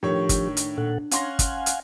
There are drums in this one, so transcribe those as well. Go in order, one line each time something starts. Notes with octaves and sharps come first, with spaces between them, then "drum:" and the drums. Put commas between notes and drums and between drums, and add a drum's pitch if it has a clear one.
A2 D#3 F3 D4 G4 C#5
drum: kick, hi-hat
drum: hi-hat
A#2 A4 F#5
C#4 F5 F#5 G#5 C6 A#6, drum: hi-hat
drum: kick, hi-hat
drum: hi-hat